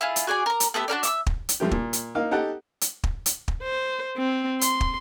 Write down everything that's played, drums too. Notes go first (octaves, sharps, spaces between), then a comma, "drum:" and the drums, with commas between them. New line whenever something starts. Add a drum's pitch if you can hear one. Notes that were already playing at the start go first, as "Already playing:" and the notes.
E4 F4 G#4
drum: hi-hat
F#4 G#4 D5 G#5
A#4 A#5
drum: hi-hat
A3 B3 G4 E5
D4 F#4 A#4 D5
E5 D6 E6, drum: hi-hat
drum: kick
drum: hi-hat
G2 F3 A3 G4
A#2, drum: kick
drum: hi-hat
A#3 D#4 F5
D#4 G4 A4 F#5 A5
drum: hi-hat
drum: kick
drum: hi-hat
drum: kick
C5
C4
C6, drum: hi-hat
drum: kick